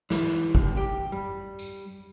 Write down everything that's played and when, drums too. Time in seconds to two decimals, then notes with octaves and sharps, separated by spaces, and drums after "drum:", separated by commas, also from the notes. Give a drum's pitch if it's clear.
0.10 E3, drum: snare
0.55 D#2, drum: kick
0.77 G4
1.12 G3
1.59 drum: tambourine